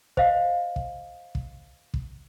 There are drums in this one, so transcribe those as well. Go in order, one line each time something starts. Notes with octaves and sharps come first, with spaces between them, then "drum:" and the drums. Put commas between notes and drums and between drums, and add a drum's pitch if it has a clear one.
C5 D#5 F5, drum: kick
drum: kick
drum: kick
drum: kick